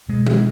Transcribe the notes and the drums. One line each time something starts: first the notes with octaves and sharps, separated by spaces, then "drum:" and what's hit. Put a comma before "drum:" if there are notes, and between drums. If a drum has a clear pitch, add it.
B2 G#3
G#3, drum: tom D#3